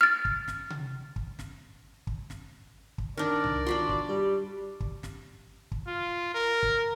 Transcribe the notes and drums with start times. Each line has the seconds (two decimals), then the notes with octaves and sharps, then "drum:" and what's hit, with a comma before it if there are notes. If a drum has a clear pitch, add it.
0.01 F6 A6
0.25 drum: kick
0.48 drum: snare
0.70 drum: tom C3
1.16 drum: kick
1.39 drum: snare
2.07 drum: kick
2.30 drum: snare
2.98 drum: kick
3.17 D#3 D4 A#4 D5
3.44 drum: tom C2
3.67 D4 F4 F#4 B5 C6
3.89 drum: kick
4.09 G3 G4
4.80 drum: kick
5.03 drum: snare
5.72 drum: kick
5.87 F4
6.34 A#4
6.63 drum: kick